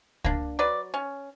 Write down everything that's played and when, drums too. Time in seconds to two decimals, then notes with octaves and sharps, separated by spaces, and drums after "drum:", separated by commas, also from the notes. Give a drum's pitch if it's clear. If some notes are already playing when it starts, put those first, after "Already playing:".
0.24 A#3 D4, drum: kick C#2
0.59 F#3 B4 D5
0.94 C#4